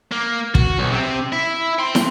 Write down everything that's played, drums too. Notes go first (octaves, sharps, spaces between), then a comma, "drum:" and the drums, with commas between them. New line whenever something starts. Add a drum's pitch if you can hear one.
A#3
F#4, drum: kick
B1
C3 C4
E4 E5
G5 C6
drum: snare